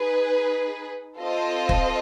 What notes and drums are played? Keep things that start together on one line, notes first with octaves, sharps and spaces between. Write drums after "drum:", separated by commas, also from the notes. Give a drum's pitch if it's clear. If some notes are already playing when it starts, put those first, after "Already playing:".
Already playing: D#4 G#4 B4
C4 F4 A4 C5 D#5
drum: kick